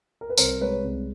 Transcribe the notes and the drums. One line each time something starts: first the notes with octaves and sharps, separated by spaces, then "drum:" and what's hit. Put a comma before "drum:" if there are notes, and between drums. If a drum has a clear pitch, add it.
A#4
B4
C2 A#4 C5, drum: tambourine
G#3 B4 C#5
C2